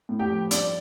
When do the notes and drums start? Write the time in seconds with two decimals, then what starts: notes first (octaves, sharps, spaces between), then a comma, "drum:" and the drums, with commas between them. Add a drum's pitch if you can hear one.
0.09 A2
0.19 G4 G5
0.30 F3
0.51 G2 D4 D5, drum: hi-hat